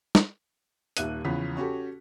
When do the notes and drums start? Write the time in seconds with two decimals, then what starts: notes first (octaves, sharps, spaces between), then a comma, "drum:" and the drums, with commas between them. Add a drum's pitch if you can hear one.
0.15 drum: snare
0.97 D#1 D#2 E5 F#6 D#7, drum: hi-hat
1.25 E2 C#3 F3 C#4 B6
1.57 C#4 F#4 G4 A4